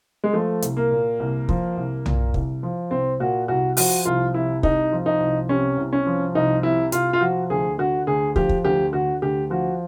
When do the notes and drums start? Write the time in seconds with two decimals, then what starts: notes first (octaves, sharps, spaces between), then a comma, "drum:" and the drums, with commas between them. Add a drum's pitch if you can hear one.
0.24 G#3
0.33 F3 A3
0.62 C2, drum: hi-hat
0.77 A#3
0.91 A#2
1.20 C2
1.49 F3, drum: kick
1.77 C2
2.06 A#2, drum: tom B1
2.34 C2, drum: kick
2.63 F3
2.91 C2 C4
3.20 A#2 F#4
3.48 C2 F#4
3.77 F3 F#4, drum: open hi-hat
4.05 C2 F4
4.34 C3 E4
4.63 C2 D#4, drum: kick
4.92 F3
5.06 D#4
5.20 C2
5.49 C3 C#4
5.78 C2
5.93 C#4
6.07 F3
6.35 C2 D#4
6.63 C3 E4
6.92 C2 F4, drum: hi-hat
7.13 F4
7.21 F3 F#4
7.50 D2 G#4
7.78 D3 F#4
8.07 D2 G#4
8.36 F3 G4, drum: kick
8.49 drum: kick
8.65 D2 G4
8.93 D3 F#4
9.22 D2 G4
9.50 F3 F#4